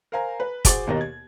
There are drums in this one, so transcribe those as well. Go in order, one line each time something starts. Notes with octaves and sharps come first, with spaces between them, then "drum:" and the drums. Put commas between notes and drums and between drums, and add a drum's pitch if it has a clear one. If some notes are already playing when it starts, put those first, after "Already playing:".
A#4 C5 F5 G#5 A#5
B4
F#4 G#4 C5 D6 A6, drum: kick, hi-hat
D#2 B2 A#3 G4 D#5 A#5
G#6